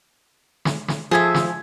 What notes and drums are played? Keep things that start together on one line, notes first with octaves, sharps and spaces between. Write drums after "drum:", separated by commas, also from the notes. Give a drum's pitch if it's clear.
drum: snare
drum: snare
F3 G#4 A4 E5 G#6
drum: snare